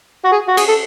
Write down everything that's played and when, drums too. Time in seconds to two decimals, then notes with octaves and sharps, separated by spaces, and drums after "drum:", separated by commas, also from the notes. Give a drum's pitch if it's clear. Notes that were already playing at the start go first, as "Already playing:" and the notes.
0.25 F#4
0.32 G#4
0.48 F#4
0.57 G#4, drum: cymbal
0.68 A4